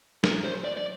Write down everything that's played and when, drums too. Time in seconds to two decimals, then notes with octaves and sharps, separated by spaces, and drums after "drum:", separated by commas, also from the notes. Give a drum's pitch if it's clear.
0.24 A#4, drum: snare
0.44 C5
0.65 D5
0.77 D5